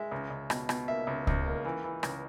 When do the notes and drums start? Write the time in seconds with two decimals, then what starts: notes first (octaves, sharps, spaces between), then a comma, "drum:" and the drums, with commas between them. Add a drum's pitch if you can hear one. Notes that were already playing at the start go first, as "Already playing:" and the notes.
Already playing: G#3 E5
0.12 C#2
0.30 C#2
0.50 B2, drum: rim click
0.69 B2, drum: rim click
0.88 A#3 E5
1.07 C#2
1.27 C#2, drum: kick C#2
1.46 A#3
1.65 E3
1.84 E3
2.03 C#2, drum: rim click